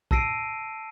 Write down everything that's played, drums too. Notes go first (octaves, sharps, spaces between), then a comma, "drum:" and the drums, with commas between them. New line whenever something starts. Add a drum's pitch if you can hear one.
A5 E6 A#6 C7 D7 D#7, drum: kick